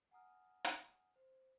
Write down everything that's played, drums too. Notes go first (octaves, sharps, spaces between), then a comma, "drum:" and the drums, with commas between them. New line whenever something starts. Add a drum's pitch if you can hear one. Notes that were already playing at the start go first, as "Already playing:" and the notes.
F#5 G#5 A#5 D#6 F6
drum: hi-hat
C5